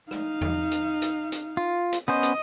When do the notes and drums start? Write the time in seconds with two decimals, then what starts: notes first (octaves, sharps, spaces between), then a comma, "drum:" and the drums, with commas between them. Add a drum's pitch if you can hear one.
0.11 D#4 F5, drum: rim click
0.41 drum: tom E2
0.72 drum: hi-hat
1.02 drum: hi-hat
1.32 drum: hi-hat
1.57 F4
1.93 drum: hi-hat
2.08 B3 C#4 C5 D#5
2.23 drum: hi-hat